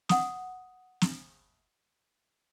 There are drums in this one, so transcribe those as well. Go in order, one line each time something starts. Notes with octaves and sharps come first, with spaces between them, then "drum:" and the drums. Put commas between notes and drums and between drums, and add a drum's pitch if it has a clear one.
F#5 D#6, drum: snare
drum: snare